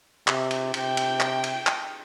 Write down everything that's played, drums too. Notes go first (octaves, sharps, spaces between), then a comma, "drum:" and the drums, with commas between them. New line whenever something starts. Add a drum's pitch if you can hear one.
C3, drum: clap
drum: cymbal
C3 G5, drum: cymbal
drum: cymbal
drum: clap
drum: cymbal
drum: clap